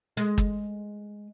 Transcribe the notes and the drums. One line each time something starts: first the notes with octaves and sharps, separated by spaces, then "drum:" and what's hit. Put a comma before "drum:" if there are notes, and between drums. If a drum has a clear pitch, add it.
G#3
drum: kick